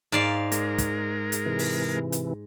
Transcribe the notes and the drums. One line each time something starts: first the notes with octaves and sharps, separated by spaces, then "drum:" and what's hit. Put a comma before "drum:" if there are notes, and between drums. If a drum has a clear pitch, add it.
G#2 D5 F5
G#3 A#4, drum: hi-hat
drum: kick, hi-hat
drum: hi-hat
C3 E3
drum: open hi-hat
drum: hi-hat